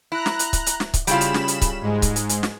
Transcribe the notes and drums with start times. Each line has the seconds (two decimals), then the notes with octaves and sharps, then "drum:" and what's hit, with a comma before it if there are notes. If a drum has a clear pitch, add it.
0.12 E4 A#5 F#6
0.26 drum: snare
0.39 drum: hi-hat
0.53 drum: kick C#1, hi-hat
0.66 drum: hi-hat
0.80 drum: snare
0.94 drum: kick C#1, hi-hat
1.07 C#3 G3 E4 F4 B5 E7, drum: hi-hat
1.21 drum: hi-hat
1.34 drum: snare
1.48 drum: hi-hat
1.61 drum: kick C#1, hi-hat
1.82 G#2 G#3
2.02 drum: kick C#1, hi-hat
2.16 drum: hi-hat
2.29 drum: hi-hat
2.43 drum: snare